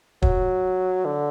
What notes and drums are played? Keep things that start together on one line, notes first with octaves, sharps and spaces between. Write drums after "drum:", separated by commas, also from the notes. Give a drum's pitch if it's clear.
F#3, drum: kick
D3